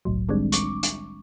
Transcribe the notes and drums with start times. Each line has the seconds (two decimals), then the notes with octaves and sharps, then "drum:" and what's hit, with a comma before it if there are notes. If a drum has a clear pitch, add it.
0.05 G1 C2 A2 F#3
0.29 D#3 G3 G#3 C4 D4
0.52 C#6 D6, drum: hi-hat
0.83 drum: hi-hat